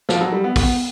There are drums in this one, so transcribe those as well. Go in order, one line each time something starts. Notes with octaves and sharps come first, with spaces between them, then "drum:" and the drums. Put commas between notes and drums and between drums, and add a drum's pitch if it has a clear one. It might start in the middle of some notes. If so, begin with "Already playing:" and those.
F3, drum: snare
F#3
G3
B3
B3, drum: kick, open hi-hat